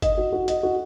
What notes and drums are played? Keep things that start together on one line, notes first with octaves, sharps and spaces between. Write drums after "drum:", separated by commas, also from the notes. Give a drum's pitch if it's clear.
D#5, drum: kick G1, hi-hat
F#4
F#4
D#5, drum: hi-hat
F#4